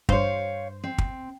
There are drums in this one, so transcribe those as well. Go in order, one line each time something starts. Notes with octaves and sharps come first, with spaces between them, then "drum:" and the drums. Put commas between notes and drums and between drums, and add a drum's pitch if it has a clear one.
G2 C5 C#5 F5, drum: kick
C4
drum: kick